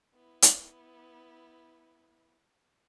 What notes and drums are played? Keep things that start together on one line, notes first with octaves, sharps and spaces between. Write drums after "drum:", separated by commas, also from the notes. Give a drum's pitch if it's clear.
B3 E4
drum: hi-hat